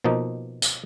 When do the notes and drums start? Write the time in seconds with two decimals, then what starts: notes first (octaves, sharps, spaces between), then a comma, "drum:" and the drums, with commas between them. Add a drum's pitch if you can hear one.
0.04 B2 F3 A#3 D#4
0.62 drum: tambourine